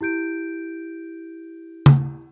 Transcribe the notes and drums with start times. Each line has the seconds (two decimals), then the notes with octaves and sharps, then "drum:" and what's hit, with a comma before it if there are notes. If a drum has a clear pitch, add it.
0.01 E4 G4 G6 D7
1.86 drum: tom